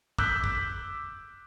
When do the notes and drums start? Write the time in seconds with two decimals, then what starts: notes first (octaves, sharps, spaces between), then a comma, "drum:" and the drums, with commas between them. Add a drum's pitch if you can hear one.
0.19 D6 E6 F#6 G6 B6, drum: kick
0.44 drum: kick